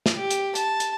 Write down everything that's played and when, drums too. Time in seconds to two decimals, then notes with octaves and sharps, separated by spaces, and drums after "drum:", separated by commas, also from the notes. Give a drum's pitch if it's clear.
0.06 drum: snare
0.16 G4
0.30 drum: hi-hat
0.55 A5, drum: hi-hat
0.80 drum: hi-hat